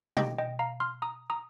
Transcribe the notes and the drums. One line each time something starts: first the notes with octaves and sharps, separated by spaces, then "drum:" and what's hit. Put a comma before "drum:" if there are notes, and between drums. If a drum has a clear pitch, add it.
A#3 D#4 G4 D#5 G5, drum: tom
D#5 G5
F5 A#5
C6 F6
A#5 D#6
A#5 D#6